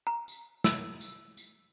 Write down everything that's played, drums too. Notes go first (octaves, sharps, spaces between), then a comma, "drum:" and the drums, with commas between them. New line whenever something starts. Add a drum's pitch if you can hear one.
A#5
drum: tambourine
E6, drum: snare
drum: tambourine
drum: tambourine